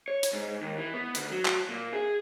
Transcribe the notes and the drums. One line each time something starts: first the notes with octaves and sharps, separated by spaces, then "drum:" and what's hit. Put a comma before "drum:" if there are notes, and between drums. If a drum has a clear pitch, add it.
C#5
drum: hi-hat
G#2
D#2
E3
B3
D2, drum: hi-hat
F#3
drum: clap
A#2
G#4